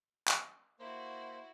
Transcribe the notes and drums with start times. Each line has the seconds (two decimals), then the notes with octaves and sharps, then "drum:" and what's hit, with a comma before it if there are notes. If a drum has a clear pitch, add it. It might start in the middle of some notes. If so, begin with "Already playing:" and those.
0.28 drum: clap
0.80 A#3 E4 F#4 C5